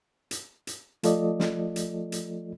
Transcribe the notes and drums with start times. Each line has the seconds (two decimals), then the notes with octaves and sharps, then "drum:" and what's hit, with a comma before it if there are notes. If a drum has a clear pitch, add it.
0.31 drum: hi-hat
0.67 drum: hi-hat
1.03 F3 A3 F4 A4 D5 D#5, drum: hi-hat
1.40 drum: snare
1.76 drum: hi-hat
2.12 drum: hi-hat